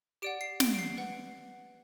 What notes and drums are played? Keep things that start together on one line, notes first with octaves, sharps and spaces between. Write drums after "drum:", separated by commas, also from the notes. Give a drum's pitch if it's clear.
G4 D5 F#5 D7
C7
D7, drum: snare
D7
C7
B4 F#5